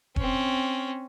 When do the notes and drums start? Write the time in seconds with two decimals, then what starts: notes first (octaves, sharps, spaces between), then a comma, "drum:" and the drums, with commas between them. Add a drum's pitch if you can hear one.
0.16 C4 C#4, drum: kick E1